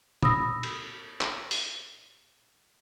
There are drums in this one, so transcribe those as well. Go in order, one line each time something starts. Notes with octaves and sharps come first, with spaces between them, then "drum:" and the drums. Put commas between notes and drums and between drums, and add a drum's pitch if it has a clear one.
B5 D#6 E6 A#6, drum: tom
drum: cymbal
drum: clap
drum: open hi-hat